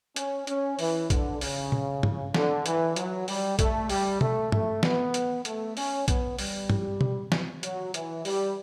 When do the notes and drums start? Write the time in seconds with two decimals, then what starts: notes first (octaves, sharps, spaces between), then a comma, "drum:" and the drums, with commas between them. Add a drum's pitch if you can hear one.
0.16 C#4, drum: hi-hat
0.47 C#4, drum: hi-hat
0.79 E3, drum: open hi-hat
1.10 D3, drum: kick B1, hi-hat
1.41 C#3, drum: open hi-hat
1.72 drum: tom
2.03 drum: tom
2.34 D3, drum: snare
2.66 E3, drum: hi-hat
2.96 F#3, drum: hi-hat
3.28 G3, drum: open hi-hat
3.59 A3, drum: kick B1, hi-hat
3.89 G3, drum: open hi-hat
4.21 A3, drum: tom B2
4.52 A3, drum: tom
4.83 B3, drum: snare
5.14 drum: hi-hat
5.45 A3, drum: hi-hat
5.77 C#4, drum: open hi-hat
6.08 B3, drum: kick B1, hi-hat
6.39 G3, drum: open hi-hat
6.70 drum: tom
7.01 drum: tom B2
7.32 drum: snare
7.63 F#3, drum: hi-hat
7.94 E3, drum: hi-hat
8.25 G3, drum: open hi-hat